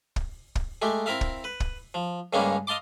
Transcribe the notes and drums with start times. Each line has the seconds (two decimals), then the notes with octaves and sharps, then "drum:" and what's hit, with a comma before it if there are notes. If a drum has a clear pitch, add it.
0.16 drum: kick
0.55 drum: kick
0.82 G#3 A3 G4
1.06 C4 E4 A#4 E5 F5
1.21 drum: kick
1.44 B4
1.60 drum: kick
1.94 F3
2.33 G2 C#3 G3 G#3 A#3 C#4
2.67 D#5 F5 A5 C6 D6